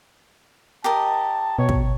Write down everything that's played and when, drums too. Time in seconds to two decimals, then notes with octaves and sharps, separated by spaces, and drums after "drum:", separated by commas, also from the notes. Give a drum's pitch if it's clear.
0.84 G4 A#4 D#5 A5
1.59 B2 C#5
1.69 drum: kick